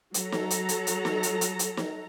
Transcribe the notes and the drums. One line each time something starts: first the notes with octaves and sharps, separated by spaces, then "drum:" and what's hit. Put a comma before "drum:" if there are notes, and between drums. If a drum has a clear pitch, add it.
F#3 A4 A#5, drum: hi-hat
drum: snare
drum: hi-hat
drum: hi-hat
drum: hi-hat
drum: snare
drum: hi-hat
drum: hi-hat
drum: hi-hat
drum: snare